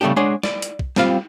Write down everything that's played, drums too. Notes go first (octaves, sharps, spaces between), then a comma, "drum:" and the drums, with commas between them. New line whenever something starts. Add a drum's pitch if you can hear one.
C#3 G3 A3 B3 D4 G4
G#3 D4 G#4 C#5 F#5
D5, drum: snare
drum: hi-hat
drum: kick
G3 C4 F4 F5, drum: snare